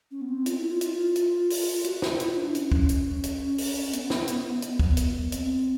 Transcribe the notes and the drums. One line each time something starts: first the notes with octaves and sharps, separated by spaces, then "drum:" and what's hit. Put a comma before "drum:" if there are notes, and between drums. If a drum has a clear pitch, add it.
C#4
B3
C4
F4, drum: hi-hat
E4
F4
drum: hi-hat
drum: hi-hat
drum: open hi-hat
F#4, drum: hi-hat
F4, drum: snare
E4, drum: hi-hat
D4
C#4, drum: hi-hat
drum: kick
drum: hi-hat
drum: hi-hat
drum: open hi-hat
B3, drum: hi-hat
drum: snare
drum: hi-hat
drum: hi-hat
drum: kick
drum: hi-hat
C4, drum: hi-hat